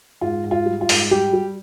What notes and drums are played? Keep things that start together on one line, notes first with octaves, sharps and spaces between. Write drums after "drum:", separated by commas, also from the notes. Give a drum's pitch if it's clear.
G#2 F4
G#2
F4
G3
F4
G#2, drum: open hi-hat
G3 G4
G3